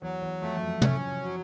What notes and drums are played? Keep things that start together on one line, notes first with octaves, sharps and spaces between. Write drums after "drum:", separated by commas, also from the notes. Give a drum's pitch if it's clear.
E2 F#3
E2
F2 A3
F#2
F2
C#4, drum: tom
F#3